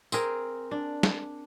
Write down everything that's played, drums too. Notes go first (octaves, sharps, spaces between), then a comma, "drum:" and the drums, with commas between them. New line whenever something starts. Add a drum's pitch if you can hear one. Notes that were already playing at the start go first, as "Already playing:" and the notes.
C4 G#4 A#4, drum: tambourine
D4
drum: snare